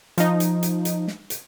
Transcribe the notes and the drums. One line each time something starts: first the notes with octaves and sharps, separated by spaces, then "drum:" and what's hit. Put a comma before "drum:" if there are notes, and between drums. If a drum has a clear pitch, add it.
F3 D#4, drum: hi-hat
drum: hi-hat
drum: hi-hat
drum: hi-hat
drum: snare
drum: hi-hat